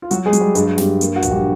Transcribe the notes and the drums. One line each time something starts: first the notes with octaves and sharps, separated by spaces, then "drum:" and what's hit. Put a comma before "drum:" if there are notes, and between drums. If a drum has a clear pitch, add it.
F4
F#3 F#4, drum: hi-hat
G#3 G#4
F#3, drum: hi-hat
G3 G4
G2 G#3 G#4, drum: hi-hat
G2 G3 G4, drum: snare
A#3, drum: hi-hat
F#4
A#1, drum: kick, hi-hat
G3 G4